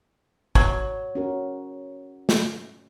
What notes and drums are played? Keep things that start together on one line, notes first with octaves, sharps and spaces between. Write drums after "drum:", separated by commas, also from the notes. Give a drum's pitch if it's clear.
F#3, drum: kick
C#4 F#4 A#4
drum: snare